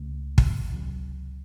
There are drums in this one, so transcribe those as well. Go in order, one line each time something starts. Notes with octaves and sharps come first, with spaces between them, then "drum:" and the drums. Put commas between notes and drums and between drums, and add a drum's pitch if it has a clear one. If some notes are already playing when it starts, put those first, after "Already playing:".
Already playing: C#2 C#3 A3
drum: kick
C#2 C3 F#3